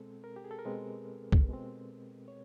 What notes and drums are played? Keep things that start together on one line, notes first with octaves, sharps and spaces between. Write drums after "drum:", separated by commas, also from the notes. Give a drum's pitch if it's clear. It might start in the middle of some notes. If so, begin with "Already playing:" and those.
Already playing: B2 G#3 C4 A4
A#4
G4
G#4
A4
A#4
B2 G#3 C4 B4
drum: kick
B2 G#3 C4
C#5